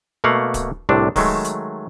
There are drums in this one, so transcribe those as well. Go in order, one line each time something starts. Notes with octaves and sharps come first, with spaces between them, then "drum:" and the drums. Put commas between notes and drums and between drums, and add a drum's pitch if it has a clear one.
B2 A3 A#3 F5 F#5
drum: kick D1, hi-hat
C2 A2 C3 D4
D#3 F#3 G#3 A3, drum: kick D1, open hi-hat
drum: hi-hat